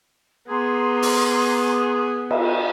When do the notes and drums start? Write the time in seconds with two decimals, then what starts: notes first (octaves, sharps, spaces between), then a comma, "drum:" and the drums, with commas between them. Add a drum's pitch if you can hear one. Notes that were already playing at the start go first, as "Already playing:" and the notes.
0.49 B3 G#4 A#5 C6 D6
1.02 drum: open hi-hat
2.31 drum: cymbal